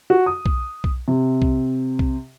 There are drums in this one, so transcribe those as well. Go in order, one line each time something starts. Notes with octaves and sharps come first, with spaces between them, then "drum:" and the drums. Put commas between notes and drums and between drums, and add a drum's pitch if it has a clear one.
F#4
D#6
drum: kick B1
drum: kick B1
C3
drum: kick B1
drum: kick B1